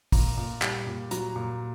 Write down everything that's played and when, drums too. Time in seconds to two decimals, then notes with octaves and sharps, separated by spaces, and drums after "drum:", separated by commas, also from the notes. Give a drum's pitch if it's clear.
0.12 A#2 A#5, drum: kick, open hi-hat
0.37 A#2
0.62 G3, drum: clap
0.87 A#2
1.11 F#3 A#5, drum: hi-hat
1.36 A#2